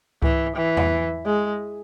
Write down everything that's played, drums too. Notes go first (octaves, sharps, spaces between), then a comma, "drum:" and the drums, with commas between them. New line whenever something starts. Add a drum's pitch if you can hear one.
E3, drum: kick C#2
E3
drum: tom E2
G#3